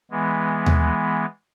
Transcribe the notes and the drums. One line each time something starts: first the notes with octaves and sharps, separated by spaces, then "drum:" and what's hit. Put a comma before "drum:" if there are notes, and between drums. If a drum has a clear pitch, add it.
E3 G#3 B3
drum: tom D#2